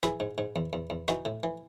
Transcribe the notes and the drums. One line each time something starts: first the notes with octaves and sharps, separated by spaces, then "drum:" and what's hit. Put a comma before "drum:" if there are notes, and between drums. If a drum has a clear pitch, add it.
E3 E4 G#4, drum: snare
G#2
G#2
E2, drum: tom D#3
E2
E2
E3 D#4 F#4, drum: snare
A2
E3